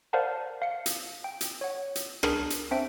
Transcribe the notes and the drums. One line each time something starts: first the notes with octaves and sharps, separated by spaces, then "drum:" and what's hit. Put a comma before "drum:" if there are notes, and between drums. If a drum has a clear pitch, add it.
A#4 C5 D5 F5 F#5 A5
F5 C#7
drum: hi-hat
G5
drum: hi-hat
C#5 F#5
drum: hi-hat
D4 G#4 A#4, drum: rim click
drum: hi-hat
C4 D4 C5 E5 A5 D7